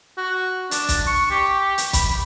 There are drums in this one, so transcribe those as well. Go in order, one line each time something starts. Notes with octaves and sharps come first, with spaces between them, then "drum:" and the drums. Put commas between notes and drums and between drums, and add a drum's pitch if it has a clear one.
F#4
D4, drum: hi-hat
drum: kick, hi-hat
C#6
G4
drum: hi-hat
B5, drum: kick, hi-hat